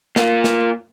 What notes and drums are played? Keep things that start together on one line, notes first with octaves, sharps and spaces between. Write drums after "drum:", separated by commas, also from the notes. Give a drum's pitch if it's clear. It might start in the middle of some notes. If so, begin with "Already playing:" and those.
A#3 F4, drum: snare
drum: snare